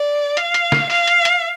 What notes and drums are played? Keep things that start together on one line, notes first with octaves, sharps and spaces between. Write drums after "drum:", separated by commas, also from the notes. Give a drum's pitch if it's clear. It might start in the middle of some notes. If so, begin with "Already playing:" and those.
Already playing: D5
F5, drum: hi-hat
drum: hi-hat
drum: snare
F5, drum: open hi-hat
drum: hi-hat
drum: hi-hat